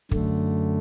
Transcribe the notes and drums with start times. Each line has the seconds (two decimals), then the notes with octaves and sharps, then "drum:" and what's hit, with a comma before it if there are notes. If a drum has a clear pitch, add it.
0.11 F#2 D3 A3, drum: kick